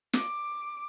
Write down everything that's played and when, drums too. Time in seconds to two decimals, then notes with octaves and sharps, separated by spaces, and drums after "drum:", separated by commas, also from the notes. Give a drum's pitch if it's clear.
0.13 D6, drum: snare